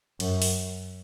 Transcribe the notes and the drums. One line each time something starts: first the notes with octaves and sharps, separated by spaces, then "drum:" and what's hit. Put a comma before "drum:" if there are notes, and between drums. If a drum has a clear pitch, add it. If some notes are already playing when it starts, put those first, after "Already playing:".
F#2, drum: cymbal
drum: open hi-hat